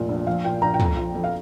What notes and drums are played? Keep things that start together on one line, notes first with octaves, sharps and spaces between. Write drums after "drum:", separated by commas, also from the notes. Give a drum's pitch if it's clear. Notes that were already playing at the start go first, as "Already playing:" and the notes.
Already playing: F1 A#2 F3
A#1
F3 F5
A#2 G5
A#1 A#5
G5
F2, drum: tom
A#5
F3
F2
F5